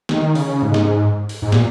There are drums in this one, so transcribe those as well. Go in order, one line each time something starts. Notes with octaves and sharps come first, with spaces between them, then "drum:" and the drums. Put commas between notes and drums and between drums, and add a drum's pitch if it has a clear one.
D#3, drum: snare
C#3, drum: open hi-hat
G#2
drum: snare
drum: open hi-hat
G#2
A#2, drum: snare